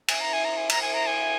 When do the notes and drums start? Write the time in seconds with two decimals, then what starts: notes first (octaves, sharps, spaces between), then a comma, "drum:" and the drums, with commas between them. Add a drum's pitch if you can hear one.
0.08 G#5, drum: cymbal
0.21 A#5
0.33 G#5
0.45 A#5
0.57 G#5
0.69 A#5, drum: cymbal
0.82 G#5
0.94 A#5
1.07 G#5